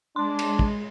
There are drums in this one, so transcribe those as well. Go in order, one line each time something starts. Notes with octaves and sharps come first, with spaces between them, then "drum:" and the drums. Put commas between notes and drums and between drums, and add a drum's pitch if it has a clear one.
G#3 D4 C6
drum: cymbal
drum: kick